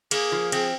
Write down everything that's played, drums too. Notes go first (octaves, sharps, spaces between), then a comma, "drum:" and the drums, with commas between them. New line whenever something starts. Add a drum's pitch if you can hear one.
A#3 G#4, drum: cymbal
F3
C4, drum: cymbal